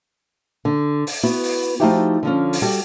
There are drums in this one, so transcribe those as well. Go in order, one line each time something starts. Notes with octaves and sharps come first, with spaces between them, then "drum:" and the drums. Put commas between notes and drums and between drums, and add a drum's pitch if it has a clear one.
D3
drum: open hi-hat
B3 E4 F#4 B4
drum: open hi-hat
F3 A3 D#4 E4 F#4 G4
D3 F3 C#4
drum: open hi-hat
G3 F#4 A4